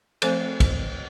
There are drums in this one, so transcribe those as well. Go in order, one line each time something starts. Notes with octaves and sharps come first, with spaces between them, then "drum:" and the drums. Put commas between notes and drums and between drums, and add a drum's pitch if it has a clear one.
F3 A3 C4 A4 C5, drum: cymbal
drum: kick, cymbal